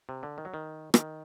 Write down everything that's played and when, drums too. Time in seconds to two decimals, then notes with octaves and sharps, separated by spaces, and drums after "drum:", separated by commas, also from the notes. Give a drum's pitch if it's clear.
0.09 C3
0.23 D3
0.38 D#3
0.45 F#3
0.54 D#3
0.94 D#3, drum: rim click